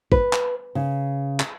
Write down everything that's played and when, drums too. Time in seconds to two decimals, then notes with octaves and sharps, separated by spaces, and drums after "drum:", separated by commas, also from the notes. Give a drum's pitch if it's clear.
0.12 B4, drum: kick A1
0.33 drum: clap
0.75 C#3
1.40 drum: clap